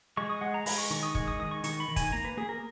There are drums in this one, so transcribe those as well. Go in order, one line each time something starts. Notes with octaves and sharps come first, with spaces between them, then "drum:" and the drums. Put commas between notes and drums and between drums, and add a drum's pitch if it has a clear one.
G#3 C#6
D#6
G#3 F#5
A#5
G#3 B5, drum: open hi-hat
C#6
D#3 C#6
D#6
G#3 C#6, drum: kick
D#6
D#3 D#6
C#6
D#3 C#6, drum: hi-hat
B5
D#3
G#5, drum: kick, hi-hat
A#3 A#5
B4
A#3 G#4
A#4